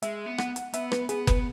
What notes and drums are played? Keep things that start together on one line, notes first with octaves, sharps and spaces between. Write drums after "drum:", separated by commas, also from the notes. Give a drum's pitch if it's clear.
G#3 E5, drum: hi-hat
B3
F#5, drum: rim click
drum: hi-hat
B3 E5, drum: hi-hat
B4, drum: rim click
B3 G#4, drum: hi-hat
B4, drum: kick F#1, hi-hat